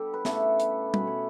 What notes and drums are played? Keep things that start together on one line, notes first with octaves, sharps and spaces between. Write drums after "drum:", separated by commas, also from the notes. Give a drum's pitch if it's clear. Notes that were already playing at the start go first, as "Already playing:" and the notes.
Already playing: G3 B3 D4 G4 A4
B4
C#3 E3 A3 B3 A4, drum: snare
drum: hi-hat
B2 A3 C#4 B4, drum: tom
C#5